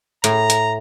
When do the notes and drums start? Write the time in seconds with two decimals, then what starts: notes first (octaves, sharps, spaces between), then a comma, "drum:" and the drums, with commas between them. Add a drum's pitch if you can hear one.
0.24 A2 A#5, drum: hi-hat
0.50 drum: hi-hat